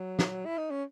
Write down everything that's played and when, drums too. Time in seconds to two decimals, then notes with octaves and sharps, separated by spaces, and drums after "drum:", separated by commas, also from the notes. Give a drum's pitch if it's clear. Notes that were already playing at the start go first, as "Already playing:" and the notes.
Already playing: F#3
0.19 drum: snare
0.46 E4
0.58 D#4
0.71 C#4